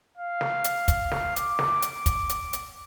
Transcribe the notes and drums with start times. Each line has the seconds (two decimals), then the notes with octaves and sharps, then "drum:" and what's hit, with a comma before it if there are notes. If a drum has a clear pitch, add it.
0.17 F5
0.41 drum: snare
0.64 drum: hi-hat
0.88 drum: kick, hi-hat
1.11 drum: snare
1.36 D6, drum: hi-hat
1.59 drum: snare
1.82 drum: hi-hat
2.06 drum: kick, hi-hat
2.29 drum: hi-hat
2.53 drum: hi-hat